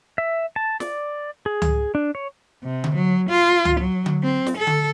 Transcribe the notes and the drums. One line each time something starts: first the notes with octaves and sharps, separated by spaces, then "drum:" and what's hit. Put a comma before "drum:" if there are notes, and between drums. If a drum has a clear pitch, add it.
E5
A5
D5, drum: snare
G#4
drum: tom C#2
D4
C#5
C3
drum: tom D3
F#3
F4
drum: tom C#2
F#3
drum: tom D3
C4
drum: snare
A4
drum: tom D3